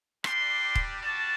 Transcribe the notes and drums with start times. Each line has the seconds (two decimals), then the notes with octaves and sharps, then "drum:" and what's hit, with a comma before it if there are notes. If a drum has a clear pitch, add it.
0.24 G3 D4 G4 C6, drum: rim click
0.75 drum: kick
1.00 G3 D4 F#4 A5